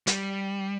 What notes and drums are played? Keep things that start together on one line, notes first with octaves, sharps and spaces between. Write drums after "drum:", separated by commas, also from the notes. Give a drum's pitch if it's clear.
G3, drum: hi-hat